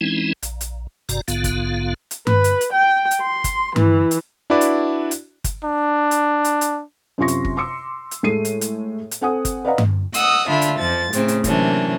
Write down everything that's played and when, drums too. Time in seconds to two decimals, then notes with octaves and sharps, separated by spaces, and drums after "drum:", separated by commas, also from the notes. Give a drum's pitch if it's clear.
0.01 E3 G#3 C4 C#4 D#4 E4
0.43 A#1, drum: hi-hat
0.61 drum: hi-hat
1.09 G1 G2 C3 F#4 D5 A#5, drum: hi-hat
1.28 A#1 G#2 D3 B3 F4 F5, drum: hi-hat
1.44 drum: kick G1, hi-hat
2.11 drum: hi-hat
2.27 B4, drum: tom G2
2.44 drum: hi-hat
2.61 drum: hi-hat
2.73 G5
3.11 drum: hi-hat
3.21 C6
3.44 drum: kick G1, hi-hat
3.76 E3, drum: tom G2
4.11 drum: hi-hat
4.50 D4 E4 F#4 B4 D5
4.61 drum: hi-hat
5.11 drum: hi-hat
5.44 drum: kick G1, hi-hat
5.64 D4
6.11 drum: hi-hat
6.44 drum: hi-hat
6.61 drum: hi-hat
7.18 F#2 C3 F4 C6 C#6 A#6
7.28 drum: hi-hat
7.45 drum: kick G1
7.57 C6 D6 E6 C#7
8.11 drum: hi-hat
8.23 A2 G#3 A3 C7 D#7
8.45 drum: hi-hat
8.61 drum: hi-hat
9.11 drum: hi-hat
9.21 C4 A4 F#5 G#5 D#6
9.45 drum: kick G1, hi-hat
9.65 B4 D5 D#5 F5 F#5 A#5
9.78 drum: tom G2
10.14 D#5 F#5 D#6 E6, drum: hi-hat
10.48 D3 D4 F4 E5 B5
10.62 drum: hi-hat
10.78 F2 F3 A6
11.13 A2 C#3 C4, drum: hi-hat
11.28 drum: hi-hat
11.44 C3 E3 F#3 A#3 C#4 D4, drum: kick G1, hi-hat